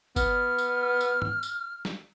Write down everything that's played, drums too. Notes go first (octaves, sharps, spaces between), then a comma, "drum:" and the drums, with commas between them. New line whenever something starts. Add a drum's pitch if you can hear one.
B3 F6, drum: kick G1, tambourine
drum: tambourine
drum: tambourine
drum: tom
drum: tambourine
drum: snare